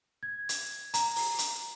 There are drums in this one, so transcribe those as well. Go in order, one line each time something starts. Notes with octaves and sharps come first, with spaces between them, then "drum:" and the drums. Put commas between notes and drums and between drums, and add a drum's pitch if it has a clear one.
G#6
drum: hi-hat
A#5, drum: hi-hat
drum: open hi-hat
drum: hi-hat